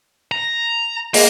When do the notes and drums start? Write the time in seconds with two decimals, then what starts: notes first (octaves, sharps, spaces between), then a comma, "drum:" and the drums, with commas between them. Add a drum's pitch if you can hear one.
0.32 A#5
1.14 G#3 A#3, drum: open hi-hat